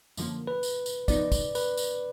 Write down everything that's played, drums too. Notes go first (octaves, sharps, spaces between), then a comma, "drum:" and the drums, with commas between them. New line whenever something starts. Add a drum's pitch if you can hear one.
F#2 D3 F3 A#3, drum: tambourine
B4
drum: tambourine
drum: tambourine
F3 B3 D#4 D5, drum: kick, tambourine
drum: kick, tambourine
B4, drum: tambourine
drum: tambourine